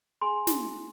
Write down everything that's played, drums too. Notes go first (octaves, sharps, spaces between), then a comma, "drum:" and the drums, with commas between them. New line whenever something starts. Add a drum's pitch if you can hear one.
G#4 G#5 C6
drum: snare